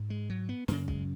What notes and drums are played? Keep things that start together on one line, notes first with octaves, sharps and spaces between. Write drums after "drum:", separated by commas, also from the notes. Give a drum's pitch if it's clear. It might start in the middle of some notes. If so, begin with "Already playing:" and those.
Already playing: G#2
G#3
F#3
B3
F#2 C#3 A#3, drum: snare
G#3, drum: kick